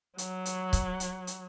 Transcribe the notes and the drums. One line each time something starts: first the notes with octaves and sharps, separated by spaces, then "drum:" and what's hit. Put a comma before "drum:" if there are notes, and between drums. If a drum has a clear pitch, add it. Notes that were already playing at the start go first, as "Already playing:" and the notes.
F#3, drum: hi-hat
drum: hi-hat
drum: kick C#1, hi-hat
drum: hi-hat
drum: hi-hat